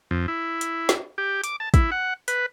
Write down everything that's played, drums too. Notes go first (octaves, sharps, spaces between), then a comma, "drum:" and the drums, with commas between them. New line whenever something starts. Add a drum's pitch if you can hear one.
F2
E4
drum: hi-hat
drum: snare
G4
D6, drum: hi-hat
A5
E4, drum: kick, hi-hat
F#5
B4, drum: hi-hat